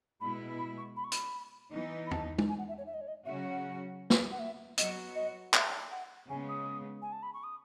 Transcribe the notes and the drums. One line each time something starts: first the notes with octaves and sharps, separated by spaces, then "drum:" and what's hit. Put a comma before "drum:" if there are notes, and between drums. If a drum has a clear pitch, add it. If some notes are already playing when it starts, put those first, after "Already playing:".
B2 G#3 B3 E4 B5
B5
C#6
B5
C#6
B5, drum: hi-hat
E3 B3 D#4
B5
A5, drum: tom E2
drum: tom
G#5
F#5
E5
C#5
E5
D#5
C#5
D#5
C#3 F#3 C#4 F#4 E5
F#5
drum: snare
F#5
E5
F#3 B3 F#4 D#5, drum: hi-hat
D#5
E5, drum: clap
F#5
C#3 G#3 B3 G#5
D#6
G#5
A5
B5
C#6
D#6